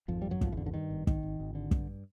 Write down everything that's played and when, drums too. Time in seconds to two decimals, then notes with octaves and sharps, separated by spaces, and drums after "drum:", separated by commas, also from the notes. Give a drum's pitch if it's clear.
0.08 G#1 F2 F3
0.22 G3
0.25 G#1
0.31 F#2 F#3
0.41 G#1 F3, drum: kick
0.52 E2 D3 E3
0.66 D3
0.74 G2 D#3
0.90 G#1
1.07 G#1 D#3, drum: kick
1.23 G#1
1.40 G#1
1.55 D3
1.71 G2, drum: kick